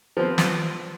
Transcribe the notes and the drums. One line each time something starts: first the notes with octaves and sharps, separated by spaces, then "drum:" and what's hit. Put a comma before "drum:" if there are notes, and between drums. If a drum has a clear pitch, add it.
F3 B3 C4
drum: snare